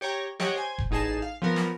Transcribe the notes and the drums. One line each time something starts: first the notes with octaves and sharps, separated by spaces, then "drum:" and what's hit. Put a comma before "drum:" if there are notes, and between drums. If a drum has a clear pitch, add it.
G4 C#5 G5 A#5
G4 C#5 D#5 F#5 G5, drum: snare
C5 G#5
drum: kick F1
A1 D#4 G#4 A5 C7 E7
F5
F3 B3 A#4
drum: snare